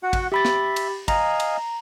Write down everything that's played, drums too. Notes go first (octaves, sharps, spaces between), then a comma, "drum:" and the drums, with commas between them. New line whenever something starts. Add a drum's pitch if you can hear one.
F#4 F#5
drum: kick, cymbal
G4 E5 B5 A6
drum: snare
drum: cymbal
D#5 F5 G#5 A#5, drum: kick, cymbal
drum: cymbal